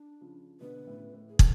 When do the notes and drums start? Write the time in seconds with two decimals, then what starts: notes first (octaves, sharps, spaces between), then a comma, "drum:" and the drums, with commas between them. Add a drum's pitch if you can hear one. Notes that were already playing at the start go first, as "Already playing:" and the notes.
Already playing: D4
0.21 C#3 F3
0.61 B2 D3 B4
0.87 A2 C#3
1.13 A2
1.29 G#4
1.39 A4, drum: kick